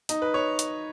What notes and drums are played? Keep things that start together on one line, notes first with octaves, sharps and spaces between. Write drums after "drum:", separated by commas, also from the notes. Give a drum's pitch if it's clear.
D#4, drum: hi-hat
B4
C#5
drum: hi-hat